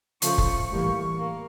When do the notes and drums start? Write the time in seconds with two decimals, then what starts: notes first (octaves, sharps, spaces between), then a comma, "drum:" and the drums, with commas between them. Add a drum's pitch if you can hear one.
0.22 C#3 F3 A3 C#6, drum: hi-hat
0.38 drum: kick F1
0.70 A2 E3 G3 A#3 C#6
1.18 A#3